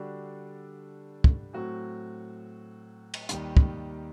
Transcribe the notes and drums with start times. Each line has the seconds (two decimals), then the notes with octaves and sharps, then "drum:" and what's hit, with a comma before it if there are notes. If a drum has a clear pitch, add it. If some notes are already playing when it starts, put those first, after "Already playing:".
Already playing: D3 G3 D4 F#4 A4
1.24 drum: kick
1.53 A2 F#3 C4 F#4
3.14 drum: cymbal
3.29 D#2 D#3 G3, drum: hi-hat
3.57 drum: kick